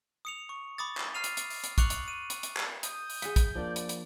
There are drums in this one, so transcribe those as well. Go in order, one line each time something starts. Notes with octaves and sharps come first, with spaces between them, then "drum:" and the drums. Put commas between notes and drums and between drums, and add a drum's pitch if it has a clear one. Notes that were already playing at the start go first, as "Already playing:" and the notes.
D#6 C#7 F7
C#6
B5 D6 D#6 A6
drum: clap
F6 A6 C7 D#7 F7
drum: hi-hat
drum: hi-hat
drum: open hi-hat
drum: hi-hat
C#6 D6 F#6 C#7 F7 F#7, drum: kick, hi-hat
drum: hi-hat
D#7
drum: hi-hat
drum: hi-hat
drum: clap
D#6 G6, drum: hi-hat
drum: open hi-hat
G#4 E5 F#5 B6, drum: hi-hat
drum: kick, hi-hat
F3 A#3 D4 D5
drum: hi-hat
drum: hi-hat